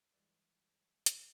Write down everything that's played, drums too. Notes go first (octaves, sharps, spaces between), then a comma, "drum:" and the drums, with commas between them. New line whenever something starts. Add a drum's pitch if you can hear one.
G2 E3 G#3 D5
drum: hi-hat